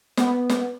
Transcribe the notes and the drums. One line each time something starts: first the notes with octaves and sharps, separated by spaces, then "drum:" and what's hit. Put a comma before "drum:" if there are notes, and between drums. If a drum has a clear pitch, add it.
B3, drum: snare
drum: snare